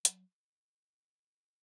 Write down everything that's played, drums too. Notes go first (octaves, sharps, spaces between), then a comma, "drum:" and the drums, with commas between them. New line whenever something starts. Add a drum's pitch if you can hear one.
F#3, drum: hi-hat